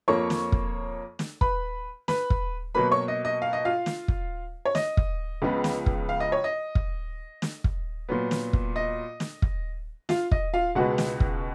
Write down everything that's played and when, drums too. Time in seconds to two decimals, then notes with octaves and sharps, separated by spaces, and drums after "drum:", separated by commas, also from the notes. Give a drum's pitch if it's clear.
0.08 F2 F3 A#3 C#5 C#6
0.30 drum: snare
0.52 drum: kick
1.19 drum: snare
1.41 B4 B5, drum: kick
2.08 B4 B5, drum: snare
2.30 drum: kick
2.75 B2 F#3 A#3 B4 B5
2.91 C#5 C#6
3.08 D#5
3.25 D#5
3.42 F5
3.53 D#5
3.65 F4 F5
3.86 drum: snare
4.08 drum: kick
4.65 C#5
4.75 D#5, drum: snare
4.97 drum: kick
5.42 C#2 C#3 F3 G#3 B3
5.64 drum: snare
5.86 drum: kick
6.09 F5
6.20 D#5
6.32 C#5
6.44 D#5
6.75 drum: kick
7.42 drum: snare
7.64 drum: kick
8.09 A#2 F#3 B3
8.31 drum: snare
8.53 drum: kick
8.76 D#5
9.20 drum: snare
9.42 drum: kick
10.09 F4 F5, drum: snare
10.31 D#5, drum: kick
10.53 F4 F5
10.75 C#2 B2 G#3 B3 F#4 F#5
10.98 drum: snare
11.20 drum: kick